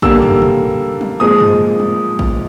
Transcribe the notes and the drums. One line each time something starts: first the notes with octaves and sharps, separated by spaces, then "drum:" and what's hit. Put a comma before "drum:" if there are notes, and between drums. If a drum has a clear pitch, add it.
D3 G3 A#3 E6, drum: kick A1
drum: tom
drum: tom
drum: tom F3
A#2 F3 G#3 D#6
drum: tom
drum: tom F3
drum: kick A1